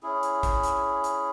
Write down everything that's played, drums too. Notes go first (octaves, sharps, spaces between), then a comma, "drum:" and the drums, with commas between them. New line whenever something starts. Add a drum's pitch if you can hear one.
C#4 E4 G#4
drum: hi-hat
drum: kick G#1, hi-hat
drum: hi-hat
drum: hi-hat